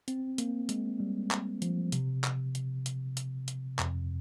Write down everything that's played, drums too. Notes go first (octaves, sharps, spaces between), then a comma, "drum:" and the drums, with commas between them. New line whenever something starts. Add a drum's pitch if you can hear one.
C4, drum: hi-hat
A#3, drum: hi-hat
G#3, drum: hi-hat
G3
drum: clap
F3, drum: hi-hat
C3, drum: hi-hat
drum: clap
drum: hi-hat
drum: hi-hat
drum: hi-hat
drum: hi-hat
F2, drum: clap